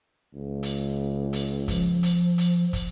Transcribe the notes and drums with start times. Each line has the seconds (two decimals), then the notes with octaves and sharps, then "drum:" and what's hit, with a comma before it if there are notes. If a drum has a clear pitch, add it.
0.34 C#2
0.63 drum: hi-hat
1.33 drum: hi-hat
1.68 F3, drum: kick, hi-hat
2.03 drum: hi-hat
2.38 drum: hi-hat
2.73 drum: kick, hi-hat